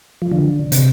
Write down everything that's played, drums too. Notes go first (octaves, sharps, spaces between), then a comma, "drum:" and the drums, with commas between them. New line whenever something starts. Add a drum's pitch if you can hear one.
F3
D3
C3, drum: hi-hat